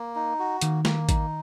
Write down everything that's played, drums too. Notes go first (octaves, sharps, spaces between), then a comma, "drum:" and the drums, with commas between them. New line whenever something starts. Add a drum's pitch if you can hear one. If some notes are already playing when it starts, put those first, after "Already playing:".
Already playing: A#3
D#4
F#4
D#3 A#3, drum: hi-hat
A#3, drum: snare
D#4, drum: kick A1, hi-hat